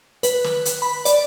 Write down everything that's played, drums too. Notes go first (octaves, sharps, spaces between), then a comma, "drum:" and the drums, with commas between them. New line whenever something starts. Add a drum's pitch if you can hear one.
B4, drum: hi-hat
drum: snare
drum: hi-hat
B5
D5, drum: hi-hat